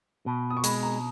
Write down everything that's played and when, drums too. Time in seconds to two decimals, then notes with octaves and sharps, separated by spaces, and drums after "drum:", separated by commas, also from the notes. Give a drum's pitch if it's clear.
0.26 B2
0.50 D#6
0.57 C#6
0.64 G#3 B5, drum: hi-hat
0.83 A#5